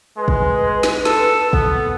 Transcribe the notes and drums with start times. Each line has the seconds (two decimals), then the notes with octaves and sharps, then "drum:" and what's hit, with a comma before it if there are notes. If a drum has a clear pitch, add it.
0.18 G#3 B4
0.28 drum: kick
0.83 drum: snare
1.05 A4, drum: snare
1.53 B3 A4, drum: kick